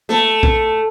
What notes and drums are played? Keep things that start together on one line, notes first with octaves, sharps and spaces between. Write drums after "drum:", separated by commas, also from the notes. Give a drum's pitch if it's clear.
A3, drum: snare
drum: kick